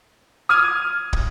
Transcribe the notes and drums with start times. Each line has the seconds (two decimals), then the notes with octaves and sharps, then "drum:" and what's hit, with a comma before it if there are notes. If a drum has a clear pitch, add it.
0.49 D#6 F6 G#6 D#7
1.13 drum: kick